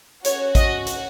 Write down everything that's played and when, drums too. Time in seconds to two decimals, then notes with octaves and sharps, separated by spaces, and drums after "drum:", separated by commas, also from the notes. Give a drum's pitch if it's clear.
0.25 C#4 F#4 C#5, drum: hi-hat
0.55 D#5, drum: kick A1, hi-hat
0.87 drum: hi-hat